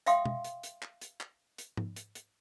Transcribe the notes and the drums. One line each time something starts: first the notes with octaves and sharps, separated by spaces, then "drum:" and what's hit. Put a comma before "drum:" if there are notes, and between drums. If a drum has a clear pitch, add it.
E5 F5 G5 C6 D#6, drum: hi-hat
drum: tom B2
drum: hi-hat
drum: hi-hat
drum: clap
drum: hi-hat
drum: clap
drum: hi-hat
drum: tom G#2
drum: hi-hat
drum: hi-hat